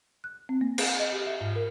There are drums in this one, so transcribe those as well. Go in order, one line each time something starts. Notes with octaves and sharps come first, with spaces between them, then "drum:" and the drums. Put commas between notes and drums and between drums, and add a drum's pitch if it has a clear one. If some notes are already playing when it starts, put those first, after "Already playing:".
F#6
C4
A#3
G#4, drum: cymbal
D#5
G4
E5
G#2
A#4